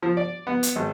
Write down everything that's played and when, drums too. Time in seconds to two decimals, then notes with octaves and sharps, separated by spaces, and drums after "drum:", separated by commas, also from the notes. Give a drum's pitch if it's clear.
0.02 F3
0.17 D5
0.47 B3
0.63 drum: hi-hat
0.76 G#1